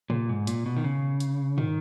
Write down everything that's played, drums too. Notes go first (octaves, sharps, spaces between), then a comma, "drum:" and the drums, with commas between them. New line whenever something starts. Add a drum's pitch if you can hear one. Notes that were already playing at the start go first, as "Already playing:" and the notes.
A#2, drum: tom
G#2
A#2, drum: hi-hat
B2
D#3
C#3
drum: hi-hat
D#3, drum: tom